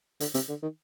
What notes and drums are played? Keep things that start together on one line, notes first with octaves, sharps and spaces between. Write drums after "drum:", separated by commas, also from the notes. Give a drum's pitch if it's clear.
D3, drum: hi-hat
C3, drum: hi-hat
D3
D#3